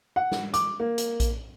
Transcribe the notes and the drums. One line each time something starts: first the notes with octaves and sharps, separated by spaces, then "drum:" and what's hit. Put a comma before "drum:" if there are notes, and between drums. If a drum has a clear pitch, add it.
F#5
drum: snare
D6, drum: hi-hat
A#3
drum: hi-hat
drum: kick A#1, hi-hat